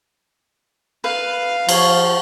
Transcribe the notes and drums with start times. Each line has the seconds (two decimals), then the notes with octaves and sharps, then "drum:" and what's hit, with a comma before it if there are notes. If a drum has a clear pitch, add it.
1.04 B4 F5
1.69 F3 F4 C#5, drum: cymbal